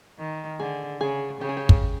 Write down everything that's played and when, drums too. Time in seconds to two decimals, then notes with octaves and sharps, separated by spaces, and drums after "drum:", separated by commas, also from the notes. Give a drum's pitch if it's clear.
0.19 D#3
0.60 D3 G#4
1.01 C#3 G#4
1.41 C#3 G4
1.49 G#4
1.57 G4
1.69 drum: kick